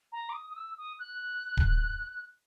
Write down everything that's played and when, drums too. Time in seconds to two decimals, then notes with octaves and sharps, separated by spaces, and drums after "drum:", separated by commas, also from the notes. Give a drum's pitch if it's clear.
0.12 A#5
0.29 D6
0.33 D#6
0.50 D#6
0.56 E6
0.77 D#6
0.99 F#6
1.57 drum: kick D1